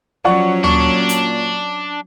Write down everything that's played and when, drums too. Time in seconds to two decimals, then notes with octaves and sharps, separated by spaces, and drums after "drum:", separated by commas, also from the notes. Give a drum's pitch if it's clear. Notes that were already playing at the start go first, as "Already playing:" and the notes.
0.25 F3 F#3 C#4 D5 F#5 C#6
0.64 A#2 D4 C#6, drum: tom D2
1.09 drum: hi-hat